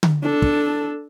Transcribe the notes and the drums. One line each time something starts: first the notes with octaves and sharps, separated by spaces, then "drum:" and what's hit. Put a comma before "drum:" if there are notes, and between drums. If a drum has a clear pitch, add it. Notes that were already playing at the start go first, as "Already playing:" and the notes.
drum: tom D3
D4 A4
drum: kick